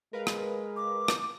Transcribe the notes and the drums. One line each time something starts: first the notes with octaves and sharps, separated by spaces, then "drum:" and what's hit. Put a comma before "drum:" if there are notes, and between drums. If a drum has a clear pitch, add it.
G#3 A#4 B4 F5
drum: rim click
D6
drum: rim click